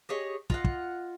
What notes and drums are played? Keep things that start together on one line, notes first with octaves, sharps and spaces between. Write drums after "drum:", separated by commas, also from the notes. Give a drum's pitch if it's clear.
G4 G#4 C#5 D#5
F4 D#5 F#5, drum: kick
drum: kick